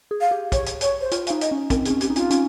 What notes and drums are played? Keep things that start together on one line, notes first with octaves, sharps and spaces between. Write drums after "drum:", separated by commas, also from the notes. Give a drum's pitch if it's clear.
G#4
F5
G4
C#5, drum: kick, hi-hat
drum: hi-hat
C#5, drum: hi-hat
C5
F4 C#5, drum: hi-hat
F5, drum: hi-hat
D#4
D#5, drum: hi-hat
C#4
C4 A#4, drum: kick, hi-hat
G#4, drum: hi-hat
C#4
G4, drum: hi-hat
D#4
F4, drum: hi-hat
C#4, drum: hi-hat